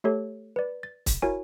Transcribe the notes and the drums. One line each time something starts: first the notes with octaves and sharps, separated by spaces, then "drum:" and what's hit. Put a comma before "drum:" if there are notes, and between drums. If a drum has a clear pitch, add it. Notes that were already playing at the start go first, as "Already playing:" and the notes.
A3 G4 A4 C#5
B4 D5
A6
drum: kick, hi-hat
E4 F#4 A#4 C#5 G#5